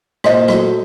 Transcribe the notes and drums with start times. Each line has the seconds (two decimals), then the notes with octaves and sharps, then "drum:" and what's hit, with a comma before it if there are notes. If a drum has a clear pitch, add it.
0.24 A#2 C5 D#5, drum: rim click
0.48 F#3 A3, drum: rim click